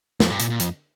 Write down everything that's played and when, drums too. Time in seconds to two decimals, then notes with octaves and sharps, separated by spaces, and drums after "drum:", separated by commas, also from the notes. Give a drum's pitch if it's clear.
0.20 F2, drum: snare
0.30 G2
0.40 A#2, drum: hi-hat
0.50 A#2
0.60 F2, drum: hi-hat